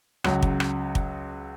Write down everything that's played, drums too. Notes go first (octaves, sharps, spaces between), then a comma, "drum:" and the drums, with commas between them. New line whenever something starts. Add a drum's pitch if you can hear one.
C#2 C#3 F#3, drum: rim click
drum: kick
drum: rim click
drum: kick